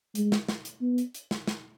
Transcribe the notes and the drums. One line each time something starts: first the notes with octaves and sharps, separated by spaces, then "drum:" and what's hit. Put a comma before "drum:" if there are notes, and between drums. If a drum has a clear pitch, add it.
G#3, drum: hi-hat
drum: snare
drum: snare
drum: hi-hat
B3
drum: hi-hat
drum: hi-hat
drum: snare
drum: snare